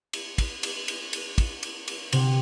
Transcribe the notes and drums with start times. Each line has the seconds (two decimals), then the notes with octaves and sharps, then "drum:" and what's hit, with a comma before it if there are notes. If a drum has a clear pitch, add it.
0.13 drum: cymbal
0.38 drum: kick, cymbal
0.63 drum: cymbal
0.88 drum: cymbal
1.13 drum: cymbal
1.38 drum: kick, cymbal
1.63 drum: cymbal
1.88 drum: cymbal
2.12 C3, drum: cymbal